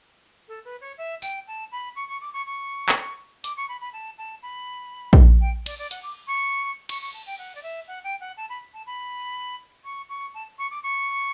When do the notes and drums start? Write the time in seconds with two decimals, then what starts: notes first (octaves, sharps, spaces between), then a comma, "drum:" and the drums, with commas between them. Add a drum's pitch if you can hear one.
0.48 A4
0.65 B4
0.81 C#5
0.98 E5
1.22 G5, drum: tambourine
1.47 A5
1.72 B5
1.96 C#6
2.09 C#6
2.21 D6
2.33 C#6
2.46 C#6
2.89 drum: clap
3.44 D6, drum: hi-hat
3.57 C#6
3.69 B5
3.81 B5
3.93 A5
4.18 A5
4.43 B5
5.13 drum: kick A#1
5.41 G5
5.66 D5, drum: cymbal
5.78 D5
5.91 F#5, drum: hi-hat
6.03 D6
6.27 C#6
6.89 C#6, drum: cymbal
7.01 C#6
7.13 A5
7.26 G5
7.38 F#5
7.55 D5
7.63 E5
7.88 F#5
8.04 G5
8.21 F#5
8.37 A5
8.50 B5
8.74 A5
8.86 B5
9.84 C#6
10.09 C#6
10.34 A5
10.58 C#6
10.71 D6
10.83 C#6